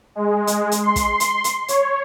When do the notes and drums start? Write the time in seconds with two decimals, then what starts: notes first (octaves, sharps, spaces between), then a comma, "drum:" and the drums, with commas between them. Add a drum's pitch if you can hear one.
0.15 G#3
0.47 drum: hi-hat
0.72 drum: hi-hat
0.83 C6
0.96 drum: kick, hi-hat
1.20 drum: hi-hat
1.44 drum: hi-hat
1.68 C#5, drum: hi-hat